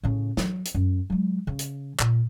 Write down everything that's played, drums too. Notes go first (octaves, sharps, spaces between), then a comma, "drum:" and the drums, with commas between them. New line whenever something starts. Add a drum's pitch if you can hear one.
A2 C#3
F#3, drum: snare
drum: hi-hat
F#2
F#3 G#3
C#3
drum: hi-hat
A#2, drum: clap